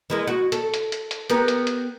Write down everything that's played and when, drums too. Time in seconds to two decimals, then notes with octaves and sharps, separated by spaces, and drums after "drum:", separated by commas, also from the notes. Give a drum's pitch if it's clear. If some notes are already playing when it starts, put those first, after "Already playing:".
0.10 E3 G#3 A#3
0.27 F#4
0.52 A4, drum: hi-hat
0.74 drum: hi-hat
0.92 drum: hi-hat
1.11 drum: hi-hat
1.30 B3 G4 A#4, drum: hi-hat
1.48 drum: hi-hat
1.67 drum: hi-hat